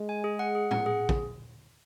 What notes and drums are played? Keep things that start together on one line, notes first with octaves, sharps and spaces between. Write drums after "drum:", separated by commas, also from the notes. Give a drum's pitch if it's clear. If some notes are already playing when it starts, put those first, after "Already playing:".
Already playing: G#3
G#5
G#4
F#5
G#4
F#5, drum: tom A2
G#4
drum: kick